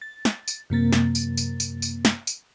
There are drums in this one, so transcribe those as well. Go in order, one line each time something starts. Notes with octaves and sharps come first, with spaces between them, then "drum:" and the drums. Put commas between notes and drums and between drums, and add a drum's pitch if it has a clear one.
A6
drum: snare
drum: tambourine
F#2 C3 A#3 A6
drum: snare
drum: tambourine
drum: tambourine
drum: tambourine
drum: tambourine
drum: snare
drum: tambourine